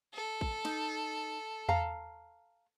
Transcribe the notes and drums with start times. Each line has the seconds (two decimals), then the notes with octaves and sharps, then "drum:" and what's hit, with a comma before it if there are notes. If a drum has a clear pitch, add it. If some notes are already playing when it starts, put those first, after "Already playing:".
0.14 A4
0.41 drum: kick
0.65 D#4, drum: cymbal
1.69 F5 A5 A#5, drum: tom E2